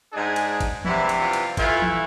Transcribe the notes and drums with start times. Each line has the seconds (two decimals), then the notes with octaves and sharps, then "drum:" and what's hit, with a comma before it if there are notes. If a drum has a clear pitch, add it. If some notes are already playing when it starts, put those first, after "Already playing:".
0.12 G#2 G#3 D4 G#4
0.36 drum: cymbal
0.61 drum: kick A1, cymbal
0.85 C3 E3 B3 D4 E4, drum: tom E3
1.09 drum: cymbal
1.21 F4
1.33 drum: cymbal
1.57 E3 A3 E4 F4, drum: kick A1, cymbal
1.82 drum: tom E3